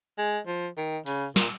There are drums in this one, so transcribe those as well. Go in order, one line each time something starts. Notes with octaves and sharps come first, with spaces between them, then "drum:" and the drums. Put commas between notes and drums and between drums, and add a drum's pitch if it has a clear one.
G#3
F3
D#3
C#3, drum: open hi-hat
A#2, drum: snare